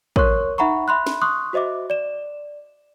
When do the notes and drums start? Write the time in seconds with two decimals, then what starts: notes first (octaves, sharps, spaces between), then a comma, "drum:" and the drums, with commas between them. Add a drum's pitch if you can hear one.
0.16 A#4 C#5 C6 C#6 F#6, drum: kick
0.58 D#4 E5 F#5 A#5 B5 C#6
0.88 E5 B5 C6 F#6
1.07 drum: snare
1.22 C6 C#6 D#6 F#6
1.53 F#4 C5 D#5 E5 D6
1.90 D5 E7